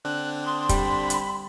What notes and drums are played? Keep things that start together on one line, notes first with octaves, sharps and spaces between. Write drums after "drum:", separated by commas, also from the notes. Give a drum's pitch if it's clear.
D3 C4 D4 F#6
C6 D#6
G3 B5, drum: kick, hi-hat
drum: hi-hat